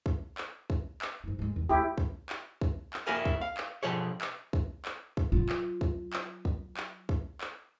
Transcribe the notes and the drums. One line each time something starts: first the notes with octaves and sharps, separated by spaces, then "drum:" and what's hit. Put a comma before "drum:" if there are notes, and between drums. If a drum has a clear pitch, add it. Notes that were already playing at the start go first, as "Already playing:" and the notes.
drum: kick
drum: clap
drum: kick
drum: clap
G#2 E4
D2 G#3
E2
D2 E4 G4
drum: kick
drum: clap
drum: kick
drum: clap
A#3 E4 F#4 G4 A#4 G#5
drum: kick
F5
drum: clap
B2 D3 F3 G4 G#4 C#5
drum: clap
drum: kick
drum: clap
drum: kick
F#3 F4
drum: clap
drum: kick
drum: clap
drum: kick
drum: clap
drum: kick
drum: clap